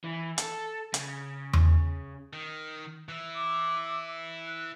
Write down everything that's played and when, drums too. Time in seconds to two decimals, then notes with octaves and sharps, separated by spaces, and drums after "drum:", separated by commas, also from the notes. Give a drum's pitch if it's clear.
0.04 E3
0.38 A4, drum: hi-hat
0.94 C#3, drum: hi-hat
1.53 drum: tom E2
2.33 D#3
3.09 E3 E4
3.35 D6 E6
4.45 F#6